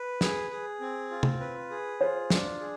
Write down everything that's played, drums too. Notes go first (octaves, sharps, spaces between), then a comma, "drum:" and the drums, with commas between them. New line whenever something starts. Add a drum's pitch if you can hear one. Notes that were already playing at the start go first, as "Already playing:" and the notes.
Already playing: B4
G#4, drum: snare
G#4
C4
F4
drum: tom
B4
G#4
F4 C5
D4, drum: snare
G#4